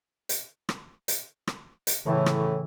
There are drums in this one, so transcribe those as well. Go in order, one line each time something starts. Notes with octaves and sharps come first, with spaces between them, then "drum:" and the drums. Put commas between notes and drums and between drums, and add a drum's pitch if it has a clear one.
drum: hi-hat
drum: rim click
drum: hi-hat
drum: rim click
drum: hi-hat
A2 C#3 E3
drum: rim click